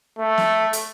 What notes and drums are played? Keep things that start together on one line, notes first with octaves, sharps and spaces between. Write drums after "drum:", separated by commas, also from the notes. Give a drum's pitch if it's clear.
A3
drum: snare
drum: hi-hat